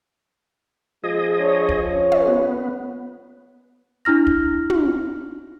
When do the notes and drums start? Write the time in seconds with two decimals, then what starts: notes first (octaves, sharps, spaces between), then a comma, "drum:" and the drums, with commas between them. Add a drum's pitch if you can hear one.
1.04 F2 A#2 F3 G#3 G#4 D#5
1.38 D4 C#5
1.69 drum: kick
1.91 C#4 C#5
2.12 drum: tom
2.28 B3
4.05 D4 E4 F6 A#6
4.27 drum: kick
4.70 drum: tom